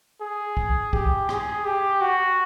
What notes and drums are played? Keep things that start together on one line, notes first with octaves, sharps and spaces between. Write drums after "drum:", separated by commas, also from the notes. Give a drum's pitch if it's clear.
G#4
drum: kick C2
G4, drum: kick C2
G#4, drum: rim click
G4
F#4